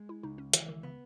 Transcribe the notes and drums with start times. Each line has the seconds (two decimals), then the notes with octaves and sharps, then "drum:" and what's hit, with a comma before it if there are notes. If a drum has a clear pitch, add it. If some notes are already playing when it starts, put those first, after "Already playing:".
Already playing: G#3
0.09 E4
0.23 C#2 D#4
0.38 C#4
0.53 D#3 E3, drum: hi-hat
0.68 D#3
0.83 C#3 B3